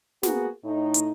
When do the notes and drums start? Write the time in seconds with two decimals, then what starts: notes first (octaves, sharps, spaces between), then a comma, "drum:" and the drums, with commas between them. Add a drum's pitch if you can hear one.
0.23 A#3 B3 F#4 G#4, drum: snare
0.63 A2 D#4
0.94 drum: hi-hat